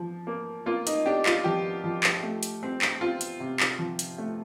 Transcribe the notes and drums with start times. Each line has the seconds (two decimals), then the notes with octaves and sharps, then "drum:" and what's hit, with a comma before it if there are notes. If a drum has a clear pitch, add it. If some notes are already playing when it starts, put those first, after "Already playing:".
Already playing: F3
0.27 A#3
0.66 A#3 F4
0.87 D#4, drum: hi-hat
1.06 D4 G4
1.26 F4, drum: clap
1.44 F3 G4
1.84 F3
2.03 drum: clap
2.23 A3
2.43 drum: hi-hat
2.63 C4
2.82 drum: clap
3.01 C4 F4
3.21 drum: hi-hat
3.40 C3
3.60 drum: clap
3.79 F3
3.99 drum: hi-hat
4.18 A3